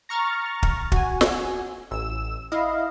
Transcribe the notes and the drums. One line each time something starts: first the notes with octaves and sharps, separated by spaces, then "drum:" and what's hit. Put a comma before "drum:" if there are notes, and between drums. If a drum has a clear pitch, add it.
A#5 C#6 F6 A6
drum: kick
F#4 G#5, drum: kick
drum: snare
A1 E6 E7
E4 D#5 F5